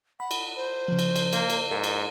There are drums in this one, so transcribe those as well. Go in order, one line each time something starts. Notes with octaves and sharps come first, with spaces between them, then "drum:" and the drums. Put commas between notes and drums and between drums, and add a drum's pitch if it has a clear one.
F#5 B5
drum: cymbal
C5
C#3 F3
drum: cymbal
drum: cymbal
A#3, drum: cymbal
drum: cymbal
G#2 A#4 A#5
drum: cymbal